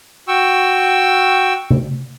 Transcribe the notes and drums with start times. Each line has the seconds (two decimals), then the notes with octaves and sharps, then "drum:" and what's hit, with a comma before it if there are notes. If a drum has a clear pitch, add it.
0.28 F#4 G5 C#6 E6
1.70 drum: tom C3